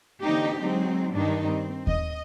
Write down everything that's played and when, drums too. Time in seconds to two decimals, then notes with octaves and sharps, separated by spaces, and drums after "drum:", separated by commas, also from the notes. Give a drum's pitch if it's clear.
0.22 D3 E3 A#3 C4 D#4 G4
0.59 F#3 G#3 C4 D#4
1.14 G2 D#3 G3 D4 D#4
1.48 C4
1.87 D#5, drum: kick D#2